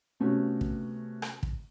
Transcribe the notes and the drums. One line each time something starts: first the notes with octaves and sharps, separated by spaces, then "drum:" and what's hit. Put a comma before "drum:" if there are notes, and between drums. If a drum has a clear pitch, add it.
C3 A3 B3 C#4 F#4
drum: kick
drum: rim click
drum: kick